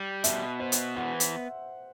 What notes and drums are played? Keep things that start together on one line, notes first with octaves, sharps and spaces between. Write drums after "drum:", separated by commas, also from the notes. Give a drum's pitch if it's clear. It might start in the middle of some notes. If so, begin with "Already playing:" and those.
Already playing: G3
B2 E5, drum: hi-hat
B3 C5
drum: hi-hat
E3 F#5
drum: hi-hat